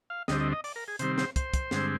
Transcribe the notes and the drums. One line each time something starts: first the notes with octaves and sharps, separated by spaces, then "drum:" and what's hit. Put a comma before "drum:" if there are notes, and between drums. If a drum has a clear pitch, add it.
F5
D2 D3 G3 C4 D#5, drum: snare
D#5
D#5
D5, drum: open hi-hat
A#4
G#4
C3 D#3 G3 C4 C5, drum: hi-hat
C5, drum: snare
C5, drum: kick, hi-hat
drum: kick, hi-hat
G2 D3 G#3 C4, drum: snare